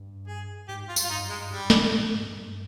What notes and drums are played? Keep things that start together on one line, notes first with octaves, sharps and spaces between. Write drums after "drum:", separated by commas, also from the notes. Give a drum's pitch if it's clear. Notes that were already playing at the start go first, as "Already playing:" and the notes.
Already playing: G2
G#4
G#2 G4
F4
G2, drum: tambourine
F4
D#4
F2
G2
G#3
G2 G3
A#2, drum: snare
A#2
G#2
G2